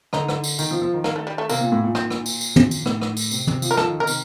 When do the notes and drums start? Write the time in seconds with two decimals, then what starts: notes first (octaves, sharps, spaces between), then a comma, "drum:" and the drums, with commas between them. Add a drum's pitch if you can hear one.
0.13 D3 D#4, drum: rim click
0.28 drum: rim click
0.44 drum: tambourine
0.59 D#3, drum: tambourine
0.71 F3
0.82 F3
0.94 D#3
1.04 A#3, drum: rim click
1.16 A3
1.27 G3
1.38 A3
1.49 C3 A#3, drum: tambourine
1.61 A#2
1.72 A2
1.84 A#2
1.95 C4, drum: rim click
2.10 drum: rim click
2.26 drum: tambourine
2.41 drum: tambourine
2.56 drum: tom
2.71 drum: tambourine
2.86 A2, drum: rim click
3.02 drum: rim click
3.17 drum: tambourine
3.31 C3, drum: tambourine
3.47 C3, drum: tom
3.62 F3, drum: tambourine
3.71 A#4
3.77 F3 A4, drum: rim click
3.89 D#3
4.00 D#3 A#4
4.07 C3, drum: tambourine